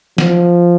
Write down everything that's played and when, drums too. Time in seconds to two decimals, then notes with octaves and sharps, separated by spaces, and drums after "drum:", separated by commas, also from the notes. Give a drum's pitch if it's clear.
0.18 F3, drum: snare